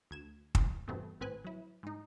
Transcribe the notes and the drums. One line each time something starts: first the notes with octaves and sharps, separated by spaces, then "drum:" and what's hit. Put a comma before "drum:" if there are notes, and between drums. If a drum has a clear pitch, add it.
D2 G#6 E7
drum: kick
E2 G2 B2 A3 B3 C4
G#1 A2 C4 B4 G#5 F#6
F#3 E4
G#2 D#4